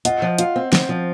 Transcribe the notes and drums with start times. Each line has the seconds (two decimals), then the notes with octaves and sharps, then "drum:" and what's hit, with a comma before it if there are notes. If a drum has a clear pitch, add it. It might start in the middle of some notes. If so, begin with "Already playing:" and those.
0.05 F4 D#5 F#5, drum: hi-hat
0.22 F3
0.39 F4, drum: hi-hat
0.56 C4
0.73 C4, drum: snare
0.89 F3